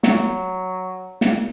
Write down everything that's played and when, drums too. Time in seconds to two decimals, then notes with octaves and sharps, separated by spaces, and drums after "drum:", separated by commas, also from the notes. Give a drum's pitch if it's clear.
0.03 F#3, drum: snare
1.21 drum: snare